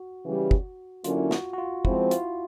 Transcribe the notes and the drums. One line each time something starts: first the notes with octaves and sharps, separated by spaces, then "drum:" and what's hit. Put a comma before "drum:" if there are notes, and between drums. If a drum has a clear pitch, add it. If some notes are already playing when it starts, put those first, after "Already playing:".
Already playing: F#4
C#3 E3 G3
drum: kick
D3 F#3 A#3 C#4 E4 F4, drum: hi-hat
F#4, drum: snare
F#4
F4
F3 G#3 C4 E4, drum: kick
F4, drum: hi-hat